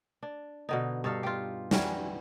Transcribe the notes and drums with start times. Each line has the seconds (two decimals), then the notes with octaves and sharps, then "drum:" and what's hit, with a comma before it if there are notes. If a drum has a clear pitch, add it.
0.23 D4
0.69 B2 D3 D#4
1.04 G2 D#4 A4 F5
1.23 F4 G4
1.71 E3 F#3 G3 C#4, drum: snare